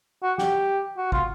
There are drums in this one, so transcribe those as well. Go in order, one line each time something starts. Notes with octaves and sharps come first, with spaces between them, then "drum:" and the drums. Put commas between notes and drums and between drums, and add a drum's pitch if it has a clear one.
F#4
G4, drum: snare
F#4
F4, drum: kick